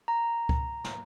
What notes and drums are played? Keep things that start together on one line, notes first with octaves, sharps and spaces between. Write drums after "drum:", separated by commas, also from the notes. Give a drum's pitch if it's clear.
A#5
drum: kick C#2
drum: snare